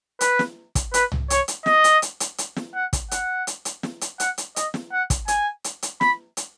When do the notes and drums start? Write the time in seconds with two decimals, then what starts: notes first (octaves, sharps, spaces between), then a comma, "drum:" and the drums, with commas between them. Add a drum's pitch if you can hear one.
0.21 B4, drum: hi-hat
0.39 drum: snare
0.75 drum: kick, hi-hat
0.94 B4, drum: hi-hat
1.12 drum: tom
1.30 C#5, drum: hi-hat
1.48 drum: hi-hat
1.66 D#5, drum: snare
1.84 drum: hi-hat
2.02 drum: hi-hat
2.20 drum: hi-hat
2.38 drum: hi-hat
2.56 drum: snare
2.75 F#5
2.93 drum: kick, hi-hat
3.11 F#5, drum: hi-hat
3.47 drum: hi-hat
3.65 drum: hi-hat
3.83 drum: snare
4.01 drum: hi-hat
4.20 F#5, drum: hi-hat
4.38 drum: hi-hat
4.56 D#5, drum: hi-hat
4.74 drum: snare
4.92 F#5
5.10 drum: kick, hi-hat
5.28 G#5, drum: hi-hat
5.64 drum: hi-hat
5.82 drum: hi-hat
6.01 B5, drum: snare
6.37 drum: hi-hat